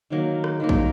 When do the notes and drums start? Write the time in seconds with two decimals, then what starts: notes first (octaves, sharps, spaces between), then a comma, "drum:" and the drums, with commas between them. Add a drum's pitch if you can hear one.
0.10 D#3 F#3 A#3
0.44 drum: rim click
0.60 D#3 F#3 A#3
0.69 drum: kick